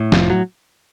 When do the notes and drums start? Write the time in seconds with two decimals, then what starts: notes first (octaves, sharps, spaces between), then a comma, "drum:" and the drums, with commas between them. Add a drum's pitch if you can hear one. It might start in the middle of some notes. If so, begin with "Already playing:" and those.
Already playing: A2
0.12 F1 F3, drum: snare
0.30 F#3